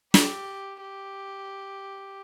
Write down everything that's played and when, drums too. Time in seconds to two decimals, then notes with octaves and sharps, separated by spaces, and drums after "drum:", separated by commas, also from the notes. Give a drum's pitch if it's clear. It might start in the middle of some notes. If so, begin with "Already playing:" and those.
0.14 G4, drum: snare
0.81 G4